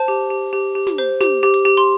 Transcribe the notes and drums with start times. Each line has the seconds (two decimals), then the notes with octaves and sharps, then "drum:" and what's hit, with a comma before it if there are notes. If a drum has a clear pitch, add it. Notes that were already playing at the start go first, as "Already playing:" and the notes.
Already playing: C5 A5
0.08 G4
0.30 G4
0.53 G4
0.75 G4
0.87 drum: snare
0.98 C5
1.21 G4, drum: snare
1.43 G4
1.54 drum: hi-hat
1.65 G4
1.77 C6